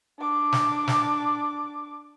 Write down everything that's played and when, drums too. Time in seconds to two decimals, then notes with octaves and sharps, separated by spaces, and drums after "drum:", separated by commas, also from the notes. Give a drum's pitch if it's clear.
0.19 D4 D6
0.52 drum: snare
0.88 drum: snare